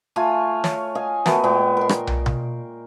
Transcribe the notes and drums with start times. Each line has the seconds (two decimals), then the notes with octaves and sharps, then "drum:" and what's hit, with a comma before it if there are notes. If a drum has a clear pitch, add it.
0.16 A3 F4 F5 G#5
0.64 C#5, drum: snare
0.95 D#5 F5 G#5
1.26 A3 B3 F#4 A#4, drum: snare
1.44 A#2 G#3 B3 G5
1.77 A#4 C6
1.89 drum: rim click
2.07 drum: tom
2.26 drum: tom B2